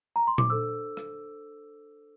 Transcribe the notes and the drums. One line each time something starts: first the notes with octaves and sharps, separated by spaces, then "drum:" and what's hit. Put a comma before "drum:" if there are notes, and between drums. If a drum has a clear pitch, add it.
A#5
C6
D6, drum: tom A#2
D4 A4 C5 E6
drum: rim click